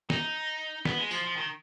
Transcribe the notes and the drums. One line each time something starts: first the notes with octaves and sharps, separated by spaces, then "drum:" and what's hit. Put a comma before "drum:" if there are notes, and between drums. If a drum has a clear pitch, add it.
D#4, drum: snare
B3, drum: snare
G#3
F3, drum: tambourine
F3
D#3